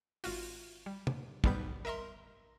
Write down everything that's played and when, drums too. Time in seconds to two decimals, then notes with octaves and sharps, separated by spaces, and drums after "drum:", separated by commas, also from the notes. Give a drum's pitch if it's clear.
0.24 G#1 F4 F#4, drum: open hi-hat
0.86 G3
1.07 drum: tom
1.44 B1 G#2 G3 B3 B4 G6, drum: kick
1.85 A#4 D#5 E5 A#5 C6